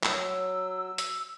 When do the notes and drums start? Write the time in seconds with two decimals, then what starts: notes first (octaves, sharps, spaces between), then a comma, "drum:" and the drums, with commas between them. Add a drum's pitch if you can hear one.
0.03 F#3 E6, drum: clap
0.98 drum: hi-hat